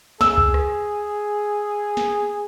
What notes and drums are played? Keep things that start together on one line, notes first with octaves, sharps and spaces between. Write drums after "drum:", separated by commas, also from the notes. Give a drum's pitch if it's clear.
G#4 E6, drum: snare
drum: kick C#2
drum: rim click
drum: snare